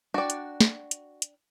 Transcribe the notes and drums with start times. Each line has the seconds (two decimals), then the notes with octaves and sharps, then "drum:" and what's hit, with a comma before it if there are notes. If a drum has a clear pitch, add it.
0.14 D4 F#4 D5 G5
0.30 drum: hi-hat
0.61 drum: snare
0.91 drum: hi-hat
1.22 drum: hi-hat